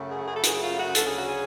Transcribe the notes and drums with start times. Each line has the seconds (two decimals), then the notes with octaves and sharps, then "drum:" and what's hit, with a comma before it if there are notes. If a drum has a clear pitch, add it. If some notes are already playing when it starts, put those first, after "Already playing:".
Already playing: F#2 C#3 F#3 A3
0.09 G#4
0.27 G#4
0.35 A4
0.43 G#4, drum: hi-hat
0.61 F4
0.78 F#4
0.95 D2 C#3 F#3 C#4 A4, drum: hi-hat
1.06 G#4
1.17 F#4
1.28 G#4